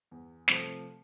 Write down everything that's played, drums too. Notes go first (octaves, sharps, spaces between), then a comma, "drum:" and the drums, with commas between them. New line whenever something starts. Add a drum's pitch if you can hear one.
E2
C3 F3 A3, drum: snare